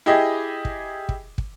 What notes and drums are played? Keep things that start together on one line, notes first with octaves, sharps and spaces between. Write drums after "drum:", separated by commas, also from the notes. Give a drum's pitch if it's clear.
E4 G4 G#4 D#5
drum: kick
drum: kick
drum: kick